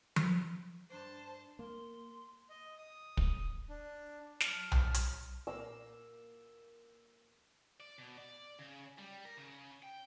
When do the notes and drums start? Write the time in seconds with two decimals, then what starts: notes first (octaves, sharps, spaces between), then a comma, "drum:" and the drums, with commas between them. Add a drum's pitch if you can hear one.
0.16 drum: tom F3
0.90 G2 D4 C5 D5 A5
1.59 A#3 C6
2.50 D#5
2.78 D#6
3.17 drum: kick
3.69 D4
4.41 F#3 A5 F6, drum: snare
4.72 drum: tom B1
4.94 drum: hi-hat
5.47 A#2 A#3 D5 E6
7.80 D5
7.98 B2
8.18 D5
8.59 C#3
8.98 G3
9.25 A#4
9.37 C#3
9.82 G5